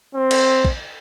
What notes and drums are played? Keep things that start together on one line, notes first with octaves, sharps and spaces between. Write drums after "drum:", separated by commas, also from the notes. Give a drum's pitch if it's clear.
C4
drum: cymbal
drum: kick